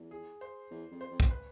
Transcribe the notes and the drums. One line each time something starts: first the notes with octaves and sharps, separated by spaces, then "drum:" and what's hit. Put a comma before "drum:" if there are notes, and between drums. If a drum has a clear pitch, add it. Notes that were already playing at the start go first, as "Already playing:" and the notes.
Already playing: E2
G#4
C5
E2
F2
C5
F2
drum: kick
B4